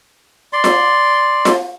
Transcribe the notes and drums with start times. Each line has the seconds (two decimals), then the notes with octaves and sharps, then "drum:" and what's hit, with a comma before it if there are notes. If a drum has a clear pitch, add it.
0.53 D5 C6
0.64 drum: snare F4
1.45 drum: snare F4